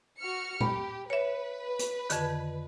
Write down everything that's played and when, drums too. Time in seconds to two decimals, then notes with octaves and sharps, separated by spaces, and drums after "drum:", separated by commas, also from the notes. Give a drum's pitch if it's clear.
0.19 F#4 F6 C#7
0.61 G4 B5, drum: tom A#2
1.10 B4 C#5 E5
1.79 drum: hi-hat
2.10 F2 D3 D#3, drum: hi-hat